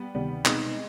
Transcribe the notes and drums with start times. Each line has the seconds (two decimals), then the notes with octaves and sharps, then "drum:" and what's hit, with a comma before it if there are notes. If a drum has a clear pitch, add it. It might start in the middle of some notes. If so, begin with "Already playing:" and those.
Already playing: G3 B3
0.15 D2 C3 D#3 G3 B3
0.45 B2 G#3 B3 C4 D#4, drum: clap